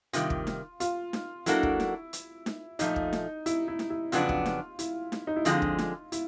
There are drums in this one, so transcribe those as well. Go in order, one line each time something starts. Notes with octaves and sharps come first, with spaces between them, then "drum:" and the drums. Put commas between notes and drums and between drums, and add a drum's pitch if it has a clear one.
C3 D#3 G3 F4, drum: hi-hat
drum: kick
drum: snare D#4
F4, drum: hi-hat
drum: snare D#4
F#3 A#3 D4 E4 F#4 A4, drum: hi-hat
drum: kick
drum: snare D#4
drum: hi-hat
drum: snare D#4
A#2 F3 A3 D#4, drum: hi-hat
drum: kick
drum: snare D#4
E4, drum: hi-hat
E4
drum: snare D#4
E4
F2 C#3 F#3 B3 D4 F4, drum: hi-hat
drum: kick
drum: snare D#4
E4, drum: hi-hat
drum: snare D#4
D#4
E4
D3 F3 G#3 C4 F4, drum: hi-hat
drum: kick
drum: snare D#4
E4, drum: hi-hat